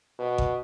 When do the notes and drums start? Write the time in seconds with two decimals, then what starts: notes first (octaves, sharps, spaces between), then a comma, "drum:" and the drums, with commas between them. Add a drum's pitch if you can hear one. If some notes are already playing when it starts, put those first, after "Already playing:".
0.19 B2
0.38 drum: kick G#1